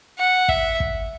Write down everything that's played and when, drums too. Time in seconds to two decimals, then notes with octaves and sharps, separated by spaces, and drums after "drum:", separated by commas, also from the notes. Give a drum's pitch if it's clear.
0.18 F#5
0.48 E5, drum: kick
0.80 drum: kick